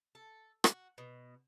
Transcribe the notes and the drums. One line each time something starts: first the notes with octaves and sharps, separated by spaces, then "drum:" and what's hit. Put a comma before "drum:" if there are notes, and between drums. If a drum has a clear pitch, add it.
A4
F#4, drum: rim click
B2